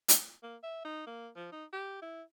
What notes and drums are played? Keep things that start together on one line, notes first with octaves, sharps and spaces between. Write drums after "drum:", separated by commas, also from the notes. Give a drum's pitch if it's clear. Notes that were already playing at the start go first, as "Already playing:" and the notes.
drum: hi-hat
A#3
E5
D#4
A#3
F3
D#4
G4
E4